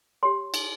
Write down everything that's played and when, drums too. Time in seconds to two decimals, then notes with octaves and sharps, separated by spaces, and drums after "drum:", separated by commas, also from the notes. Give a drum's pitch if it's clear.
0.23 G4 C#5 C6
0.54 drum: cymbal